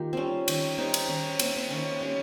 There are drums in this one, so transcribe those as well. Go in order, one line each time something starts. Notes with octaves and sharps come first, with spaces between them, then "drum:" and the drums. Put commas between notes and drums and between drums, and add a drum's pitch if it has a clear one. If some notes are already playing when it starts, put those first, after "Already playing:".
Already playing: D#3 A#3 F4 G4
G3 C4 C#4
D#3 C#4, drum: cymbal
G3 C4 D#4
drum: cymbal
D#3 C#4
A#3 C4, drum: cymbal
C4
D#3 C#4
G3 C#4